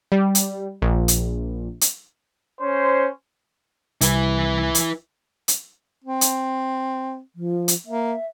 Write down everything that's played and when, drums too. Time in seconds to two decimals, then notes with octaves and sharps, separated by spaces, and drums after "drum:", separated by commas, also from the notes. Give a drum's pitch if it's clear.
0.12 G3
0.35 drum: hi-hat
0.82 A#1
1.08 drum: hi-hat
1.81 drum: hi-hat
2.61 C#4 C5
4.01 C2 E4 B4, drum: hi-hat
4.75 drum: hi-hat
5.48 drum: hi-hat
6.04 C4
6.21 drum: hi-hat
7.36 F3
7.68 drum: hi-hat
7.87 A#3 E5